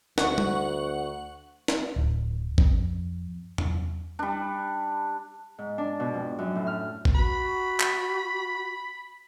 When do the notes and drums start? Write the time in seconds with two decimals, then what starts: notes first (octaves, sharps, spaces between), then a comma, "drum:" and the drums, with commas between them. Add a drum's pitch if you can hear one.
0.18 D2 F#5 C#6, drum: snare
0.38 drum: tom G3
1.68 drum: snare
1.96 D1
2.58 F2, drum: kick
3.58 drum: tom E2
4.19 G3 D4
5.58 G#2
5.78 D4
6.00 B2
6.14 F2
6.39 F#2
6.55 A2
6.67 F6
7.05 drum: kick
7.15 F#4 B5
7.80 drum: clap